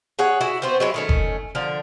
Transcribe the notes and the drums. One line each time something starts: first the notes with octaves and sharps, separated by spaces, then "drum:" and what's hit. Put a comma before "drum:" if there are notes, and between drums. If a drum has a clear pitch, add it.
G#4 C#5 F#5
E4 F#4
B3 C4 F#4 C5
F#3 G#3 E4 C#5
D#3 A3 C#4
drum: kick F#1
D3 F3 A#4